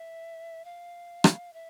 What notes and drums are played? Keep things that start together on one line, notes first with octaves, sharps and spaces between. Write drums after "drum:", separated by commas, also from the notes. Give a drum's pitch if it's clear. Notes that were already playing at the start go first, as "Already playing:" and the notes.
Already playing: E5
F5
drum: rim click
E5